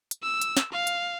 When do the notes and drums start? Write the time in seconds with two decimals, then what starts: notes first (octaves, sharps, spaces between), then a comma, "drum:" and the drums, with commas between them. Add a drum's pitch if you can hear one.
0.11 drum: hi-hat
0.23 E6
0.41 drum: hi-hat
0.57 drum: snare
0.72 F5
0.87 drum: hi-hat